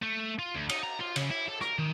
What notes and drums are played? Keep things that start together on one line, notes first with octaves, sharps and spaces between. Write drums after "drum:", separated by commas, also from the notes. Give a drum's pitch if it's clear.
A3
F4
D2
D#4, drum: cymbal
A#5
F4
C#3, drum: cymbal
E4
A4
A#4, drum: rim click
D#3